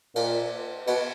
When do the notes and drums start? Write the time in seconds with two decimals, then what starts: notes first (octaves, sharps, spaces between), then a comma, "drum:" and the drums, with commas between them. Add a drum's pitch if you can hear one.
0.16 A#2, drum: cymbal
0.87 B2, drum: cymbal